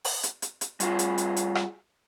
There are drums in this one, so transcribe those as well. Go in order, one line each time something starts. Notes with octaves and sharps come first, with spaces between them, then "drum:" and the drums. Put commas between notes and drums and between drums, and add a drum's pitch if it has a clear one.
drum: open hi-hat
drum: hi-hat
drum: hi-hat
drum: hi-hat
G3 F4 F#4 G#4, drum: hi-hat
drum: hi-hat
drum: hi-hat
drum: hi-hat
drum: rim click